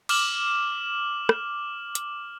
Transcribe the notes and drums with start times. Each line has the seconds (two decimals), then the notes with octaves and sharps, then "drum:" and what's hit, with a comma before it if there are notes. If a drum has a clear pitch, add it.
0.09 D6 F6 E7 F#7, drum: cymbal
1.29 drum: rim click
1.95 drum: hi-hat